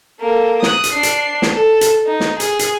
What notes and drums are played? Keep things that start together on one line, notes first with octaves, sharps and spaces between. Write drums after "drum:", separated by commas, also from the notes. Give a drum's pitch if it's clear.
A#3 A4
D#6 F#6, drum: snare
drum: hi-hat
D4 C7
drum: hi-hat
drum: snare
A4
drum: hi-hat
D#4
drum: snare
G#4, drum: hi-hat
drum: hi-hat